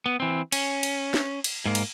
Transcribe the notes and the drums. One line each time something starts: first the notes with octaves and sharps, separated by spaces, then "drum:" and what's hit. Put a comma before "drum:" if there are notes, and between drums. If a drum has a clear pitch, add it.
B3
E3 C4
C#4, drum: cymbal
drum: cymbal
drum: snare
drum: cymbal
G#2 A#3
drum: cymbal